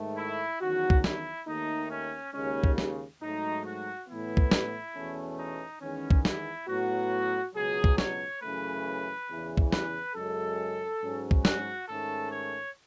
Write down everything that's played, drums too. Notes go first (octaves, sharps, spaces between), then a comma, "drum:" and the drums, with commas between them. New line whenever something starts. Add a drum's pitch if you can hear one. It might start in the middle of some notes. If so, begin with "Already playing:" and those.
Already playing: G#2 D#3 A3
E4
E2 D#3 F#3 C#4 F#4
drum: kick
E4, drum: snare
D#2 D#3 A3 D#4
C#4
D#2 C#3 G#3 C#4
drum: kick
drum: snare
G#2 F#3 A3 D#4
F#4
A2 E3 B3 E4
drum: kick
drum: snare
E2 B2 A3 C#4
D#4
E2 D#3 G#3 B3 C#4
drum: kick
E4, drum: snare
A2 F#3 B3 F#4
C#2 B2 F#3 G#4
drum: kick
C#5, drum: snare
F#2 C#3 E3 A3 B4
E2 C#3 E3
drum: kick
B4, drum: snare
F#2 C#3 G#3 A4
G#2 F#3 C#4
drum: kick
F#4, drum: snare
G#2 D#3 A3 C#4 A4
C#5